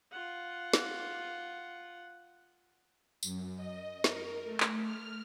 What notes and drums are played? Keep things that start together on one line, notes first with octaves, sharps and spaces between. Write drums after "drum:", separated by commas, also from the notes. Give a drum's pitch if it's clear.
F4 F#5
drum: snare
F#2, drum: tambourine
D#5
A#4, drum: snare
A3
drum: clap
F6